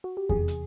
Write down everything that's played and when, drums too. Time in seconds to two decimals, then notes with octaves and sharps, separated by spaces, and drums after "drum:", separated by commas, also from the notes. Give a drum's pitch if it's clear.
0.04 F#4
0.17 G4
0.29 E2 C3 E3 G#4, drum: kick F2
0.48 drum: hi-hat